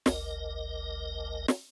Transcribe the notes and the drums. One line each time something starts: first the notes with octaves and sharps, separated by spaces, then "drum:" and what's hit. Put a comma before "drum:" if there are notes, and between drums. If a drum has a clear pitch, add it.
G#1 D2 A#4 D#5, drum: snare
drum: snare